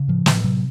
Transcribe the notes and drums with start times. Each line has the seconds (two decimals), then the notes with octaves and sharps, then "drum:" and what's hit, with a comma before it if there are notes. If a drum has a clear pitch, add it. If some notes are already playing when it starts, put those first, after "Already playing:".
Already playing: C#3
0.08 A2 F3
0.26 A2, drum: snare
0.44 C3 F#3